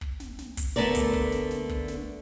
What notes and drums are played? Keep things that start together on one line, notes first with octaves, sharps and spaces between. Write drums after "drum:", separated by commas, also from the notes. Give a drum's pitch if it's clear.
drum: kick
drum: snare
drum: snare
drum: kick, hi-hat
D3 A3 B3 A#4 D5, drum: snare
drum: kick, hi-hat
drum: kick
drum: snare
drum: snare
drum: kick
drum: snare